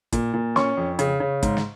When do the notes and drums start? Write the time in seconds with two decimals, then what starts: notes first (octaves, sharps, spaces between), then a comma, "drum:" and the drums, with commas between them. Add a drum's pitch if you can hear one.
0.12 A#2, drum: kick, hi-hat
0.34 A#2
0.56 C#4 C#6, drum: snare
0.77 F2
0.99 C#3, drum: hi-hat
1.20 C#3
1.43 G#2, drum: kick, hi-hat
1.57 drum: snare